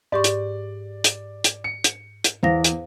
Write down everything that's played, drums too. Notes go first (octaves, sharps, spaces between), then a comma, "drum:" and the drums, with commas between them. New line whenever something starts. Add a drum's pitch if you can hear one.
G#2 G4 D5 C#6
drum: hi-hat
drum: hi-hat
drum: hi-hat
C#7
drum: hi-hat
drum: hi-hat
E2 C5 F5 A#6
drum: hi-hat